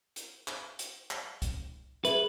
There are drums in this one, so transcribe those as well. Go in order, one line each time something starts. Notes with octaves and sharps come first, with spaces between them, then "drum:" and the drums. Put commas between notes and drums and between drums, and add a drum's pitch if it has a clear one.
drum: hi-hat
drum: clap
drum: hi-hat
drum: clap
drum: kick, hi-hat
G#4 B4 E5, drum: hi-hat